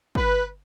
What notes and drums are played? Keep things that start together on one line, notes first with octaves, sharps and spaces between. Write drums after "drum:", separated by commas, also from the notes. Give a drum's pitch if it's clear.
B4, drum: kick